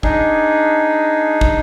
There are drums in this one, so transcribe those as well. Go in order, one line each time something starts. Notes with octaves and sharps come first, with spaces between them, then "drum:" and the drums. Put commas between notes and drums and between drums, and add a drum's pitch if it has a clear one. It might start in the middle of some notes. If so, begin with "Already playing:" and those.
D4 D#4 G#4, drum: kick
drum: kick